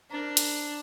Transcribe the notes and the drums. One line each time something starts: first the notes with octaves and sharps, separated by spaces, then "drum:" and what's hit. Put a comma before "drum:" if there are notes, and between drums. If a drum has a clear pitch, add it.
D4 A#4 C5 A#5
drum: hi-hat